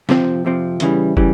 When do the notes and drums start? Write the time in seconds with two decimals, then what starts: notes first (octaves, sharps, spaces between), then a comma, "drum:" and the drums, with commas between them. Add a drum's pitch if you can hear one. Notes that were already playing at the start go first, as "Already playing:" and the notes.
0.09 F2 C3 F3 C4, drum: snare
0.45 F2 C3 F3 C4
0.80 E2 C#3 E3 G3, drum: hi-hat
1.17 C#3 E3 G3, drum: kick